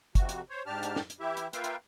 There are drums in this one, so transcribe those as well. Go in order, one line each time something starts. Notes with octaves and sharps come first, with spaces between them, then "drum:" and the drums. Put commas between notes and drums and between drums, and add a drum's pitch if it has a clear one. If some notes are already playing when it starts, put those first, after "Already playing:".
F2 C3 F#4, drum: kick, hi-hat
drum: hi-hat
C5 C#5
G#2 D4 G4 A5 F6
drum: hi-hat
drum: snare
drum: hi-hat
E3 E4 G4 E5
drum: hi-hat
A#3 F4 B4 E5 F5 G5, drum: hi-hat
drum: hi-hat